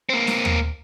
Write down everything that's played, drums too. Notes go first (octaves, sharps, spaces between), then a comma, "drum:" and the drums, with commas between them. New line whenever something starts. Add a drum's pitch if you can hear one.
A#3 C4
drum: snare
drum: tom